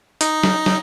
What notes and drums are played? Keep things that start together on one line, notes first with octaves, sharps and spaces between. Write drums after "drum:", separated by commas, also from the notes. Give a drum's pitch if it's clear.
D#4, drum: hi-hat
drum: snare
drum: snare